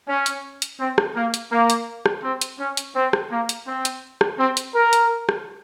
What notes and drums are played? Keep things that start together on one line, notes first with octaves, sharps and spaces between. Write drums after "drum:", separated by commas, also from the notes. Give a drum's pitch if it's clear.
C#4
drum: hi-hat
drum: hi-hat
C4
drum: rim click
A#3
drum: hi-hat
A#3
drum: hi-hat
drum: rim click
C4
drum: hi-hat
C#4
drum: hi-hat
C4
drum: rim click
A#3
drum: hi-hat
C4
drum: hi-hat
drum: rim click
C4
drum: hi-hat
A#4
drum: hi-hat
drum: rim click